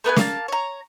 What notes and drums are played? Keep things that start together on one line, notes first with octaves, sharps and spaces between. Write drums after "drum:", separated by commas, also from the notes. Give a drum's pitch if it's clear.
A3 B3 B4 G#5
A#3 F5 A5, drum: snare
C#5 A#5